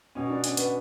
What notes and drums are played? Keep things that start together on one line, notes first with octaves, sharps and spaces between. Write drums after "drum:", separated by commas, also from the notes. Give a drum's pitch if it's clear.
B2 C#4
D4
C#4, drum: hi-hat
B3, drum: hi-hat